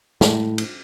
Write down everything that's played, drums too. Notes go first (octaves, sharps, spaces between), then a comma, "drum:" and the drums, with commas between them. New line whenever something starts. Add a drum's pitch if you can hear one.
A2, drum: snare
drum: cymbal